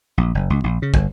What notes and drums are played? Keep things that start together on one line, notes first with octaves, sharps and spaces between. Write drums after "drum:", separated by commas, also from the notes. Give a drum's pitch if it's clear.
A#1
F#1
C#2
A#1
C#3
G1, drum: kick